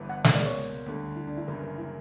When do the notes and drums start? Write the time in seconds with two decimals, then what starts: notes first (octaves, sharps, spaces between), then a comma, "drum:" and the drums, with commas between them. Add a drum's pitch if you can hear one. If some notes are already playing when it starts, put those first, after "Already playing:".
Already playing: G1 G2 E3 B3
0.09 F#5
0.24 C#2 B2 A#3 E5, drum: snare
0.35 D5
0.46 C#5
0.86 D2 D3 G3
1.16 E4
1.27 D4
1.37 E4
1.48 F#1 F#2 E3 G3 A#3 B4
1.63 B4
1.78 E4